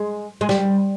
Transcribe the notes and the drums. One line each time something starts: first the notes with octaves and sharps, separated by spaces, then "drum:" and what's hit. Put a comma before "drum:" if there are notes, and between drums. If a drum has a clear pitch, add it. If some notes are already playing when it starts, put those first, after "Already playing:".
Already playing: G#3
G#3
G3, drum: snare